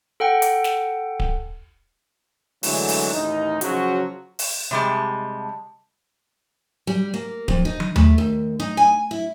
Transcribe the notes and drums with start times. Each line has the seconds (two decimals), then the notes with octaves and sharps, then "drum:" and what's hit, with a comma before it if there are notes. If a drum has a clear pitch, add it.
0.20 A4 F#5 G5
0.42 drum: hi-hat
0.64 drum: snare
1.20 drum: kick D1
2.63 D3 E3 F#3 G#3 A3, drum: open hi-hat
2.88 drum: open hi-hat
3.13 A1 D#2 D#4
3.61 C#3 F3 F#3 F#4, drum: hi-hat
4.39 drum: open hi-hat
4.71 C3 G3 G#3 A5
6.87 G3
7.14 A#3
7.48 F2, drum: kick D1
7.65 D#4
7.80 drum: tom
7.96 A3, drum: tom D#2
8.18 D#2
8.60 D#4
8.77 G#5
9.11 E4